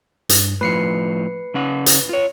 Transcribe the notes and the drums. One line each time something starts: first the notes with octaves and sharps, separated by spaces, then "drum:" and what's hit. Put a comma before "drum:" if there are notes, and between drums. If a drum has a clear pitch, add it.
G2, drum: hi-hat
A2 F3 B4 C7 C#7
C#3 C#4 F#5
drum: hi-hat
F4 C#5